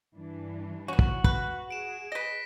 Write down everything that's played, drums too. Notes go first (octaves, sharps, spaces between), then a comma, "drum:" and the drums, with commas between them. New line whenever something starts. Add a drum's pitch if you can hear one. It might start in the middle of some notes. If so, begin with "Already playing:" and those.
G2 E3 D4
B3 C#4 F#4
drum: kick
B4, drum: kick
G#4 D7 E7
B4 D#5 A#6 B6